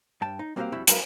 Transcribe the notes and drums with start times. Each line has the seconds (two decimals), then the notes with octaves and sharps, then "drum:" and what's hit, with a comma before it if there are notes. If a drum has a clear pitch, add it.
0.22 G2 G5 A5
0.39 D#4
0.56 G3 A#3 C4 F#4 G4 F5
0.72 F2 G3 C4 E4 F#4 E5
0.87 F#3 G#3 A#4 B4 F5, drum: hi-hat